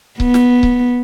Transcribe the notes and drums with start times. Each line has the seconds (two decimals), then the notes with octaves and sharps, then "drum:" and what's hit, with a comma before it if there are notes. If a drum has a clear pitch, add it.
0.20 B3, drum: kick C#1
0.34 drum: snare
0.63 drum: kick C#1